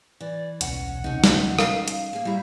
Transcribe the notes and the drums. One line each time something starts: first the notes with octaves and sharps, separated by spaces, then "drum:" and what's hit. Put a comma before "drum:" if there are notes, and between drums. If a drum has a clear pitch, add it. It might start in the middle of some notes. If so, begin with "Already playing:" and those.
E3 D5
D#1 B1 C#4 F#5, drum: hi-hat
D2 C3 C#4 D#4
drum: snare
G3 F5, drum: rim click
drum: hi-hat
A#3 G#4
G3 E4 F#4 A#5